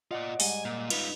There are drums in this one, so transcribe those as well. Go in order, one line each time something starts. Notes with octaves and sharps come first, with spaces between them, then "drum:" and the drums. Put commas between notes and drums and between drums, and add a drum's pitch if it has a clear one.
F4 D5 D#5 F#5
G#2 G3 G#5, drum: open hi-hat
A#2
D#4 F4 B4, drum: cymbal